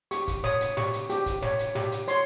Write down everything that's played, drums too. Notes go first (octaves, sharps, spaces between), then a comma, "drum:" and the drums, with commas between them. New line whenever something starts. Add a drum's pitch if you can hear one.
G4 C#6, drum: hi-hat
drum: kick, hi-hat
C#5 D#6, drum: snare
drum: hi-hat
G4 C#6, drum: snare
drum: hi-hat
G4, drum: hi-hat
drum: kick, hi-hat
C#5, drum: snare
drum: hi-hat
G4, drum: snare
drum: hi-hat
C#5 C6, drum: hi-hat